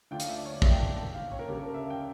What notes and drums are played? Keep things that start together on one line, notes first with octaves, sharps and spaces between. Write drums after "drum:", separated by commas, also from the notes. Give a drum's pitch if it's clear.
D2 D3 A3 D4 F4 G5
F5, drum: hi-hat
E5
D5
C#5
D5
E5, drum: kick
G5
A5
G5
F5
C#5
A#4
D2 C#3 G3 D4
A4
A#4
E5
F5
G5